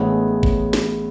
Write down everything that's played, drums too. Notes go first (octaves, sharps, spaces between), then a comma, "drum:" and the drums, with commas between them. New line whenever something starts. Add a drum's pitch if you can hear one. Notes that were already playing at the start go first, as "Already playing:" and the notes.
Already playing: A1 A2 G#3 B3
drum: kick G1
drum: snare